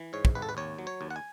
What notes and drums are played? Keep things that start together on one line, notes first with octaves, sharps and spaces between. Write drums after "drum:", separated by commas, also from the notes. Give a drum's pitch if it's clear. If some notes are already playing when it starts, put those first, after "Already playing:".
Already playing: E3
G#2 C#5
drum: kick
G#1 B4
A4
B4
D#2 C#5
F#3
C#5
D#2
F#5
G#5